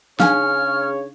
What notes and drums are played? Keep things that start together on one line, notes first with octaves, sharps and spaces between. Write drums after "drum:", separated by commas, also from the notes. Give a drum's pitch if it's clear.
C#3 D4 D#4 C#5 F5 F6, drum: snare